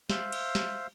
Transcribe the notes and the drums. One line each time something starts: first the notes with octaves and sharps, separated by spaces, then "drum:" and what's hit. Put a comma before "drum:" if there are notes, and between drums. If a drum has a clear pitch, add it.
C5 E5 F5, drum: snare
drum: cymbal
drum: snare